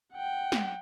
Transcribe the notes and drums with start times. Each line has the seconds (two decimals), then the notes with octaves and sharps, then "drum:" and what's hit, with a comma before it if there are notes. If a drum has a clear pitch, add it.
0.14 F#5 G5
0.52 drum: snare